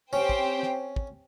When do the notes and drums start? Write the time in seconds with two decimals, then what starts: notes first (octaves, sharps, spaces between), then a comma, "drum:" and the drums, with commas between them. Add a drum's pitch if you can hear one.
0.13 C4 C#4 G4 C5 G5
0.29 drum: kick
0.63 drum: snare
0.96 drum: kick